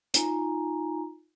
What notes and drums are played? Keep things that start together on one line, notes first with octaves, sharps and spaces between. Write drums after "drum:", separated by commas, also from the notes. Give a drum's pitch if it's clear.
D#4 F4 G#5 A#5, drum: hi-hat